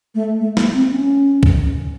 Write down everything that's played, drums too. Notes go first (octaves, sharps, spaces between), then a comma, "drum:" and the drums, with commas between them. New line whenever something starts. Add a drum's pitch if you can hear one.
A3
A3
A#3, drum: snare
C4
C#4
drum: kick